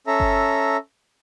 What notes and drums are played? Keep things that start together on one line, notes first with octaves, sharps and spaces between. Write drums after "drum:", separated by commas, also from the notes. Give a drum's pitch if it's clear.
C#4 A4 E5 A#5
drum: kick G1